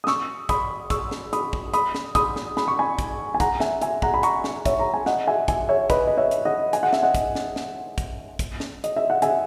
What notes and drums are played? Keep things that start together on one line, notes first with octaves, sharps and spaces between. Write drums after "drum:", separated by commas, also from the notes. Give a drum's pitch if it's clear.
D#6
C#6 E6, drum: snare
B5 D#6, drum: kick, hi-hat
C#6 E6, drum: kick, hi-hat
drum: snare
B5 D#6, drum: hi-hat
drum: kick
B5 D#6, drum: hi-hat
drum: snare
B5 D#6, drum: kick, hi-hat
drum: snare
B5, drum: snare
C#6
G#5 B5
drum: kick, hi-hat
G#5
F#5 A#5, drum: kick, hi-hat
E5 G#5, drum: snare
E5 G#5, drum: hi-hat
F#5 A#5, drum: kick
B5
A#5 C#6, drum: hi-hat
drum: snare
C#5 E5, drum: kick, hi-hat
A#5
G#5
D#5 F#5, drum: snare
E5 G#5
E5 G#5, drum: kick, hi-hat
C#5 E5
B4 D#5, drum: kick, hi-hat
D#5
C#5 E5
drum: hi-hat
D#5 F#5
G#5, drum: hi-hat
F#5
E5, drum: snare
D#5 F#5
drum: kick, hi-hat
drum: snare
drum: snare
drum: kick, hi-hat
drum: kick, hi-hat
drum: snare
D#5, drum: hi-hat
E5
F#5
E5 G#5, drum: hi-hat